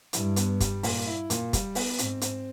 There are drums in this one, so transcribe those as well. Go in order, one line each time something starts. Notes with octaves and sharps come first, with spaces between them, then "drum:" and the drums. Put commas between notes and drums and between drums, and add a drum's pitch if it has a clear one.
G2 E4, drum: hi-hat
B3, drum: hi-hat
G3, drum: kick, hi-hat
A#2, drum: open hi-hat
E4
A#2, drum: hi-hat
G3, drum: kick, hi-hat
B3, drum: open hi-hat
G#2 C4, drum: hi-hat
C4, drum: hi-hat